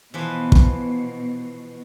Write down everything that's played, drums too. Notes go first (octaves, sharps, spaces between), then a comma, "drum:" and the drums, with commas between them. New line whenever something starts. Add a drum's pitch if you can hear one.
B2 E3 F3 B4
drum: kick